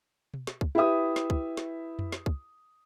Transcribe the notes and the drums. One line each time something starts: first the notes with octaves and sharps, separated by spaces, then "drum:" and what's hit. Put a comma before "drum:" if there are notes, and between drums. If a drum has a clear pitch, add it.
drum: tom B2
drum: snare
drum: kick
E4 G4 B4 E5 D#6
drum: snare
drum: kick
drum: snare
drum: tom F2
drum: snare
drum: kick